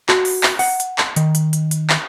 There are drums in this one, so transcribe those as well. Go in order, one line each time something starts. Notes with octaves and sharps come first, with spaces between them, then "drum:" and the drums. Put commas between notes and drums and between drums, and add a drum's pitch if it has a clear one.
F#4, drum: clap
drum: open hi-hat
drum: clap
F#5, drum: open hi-hat
drum: hi-hat
drum: clap
D#3, drum: hi-hat
drum: hi-hat
drum: hi-hat
drum: hi-hat
drum: clap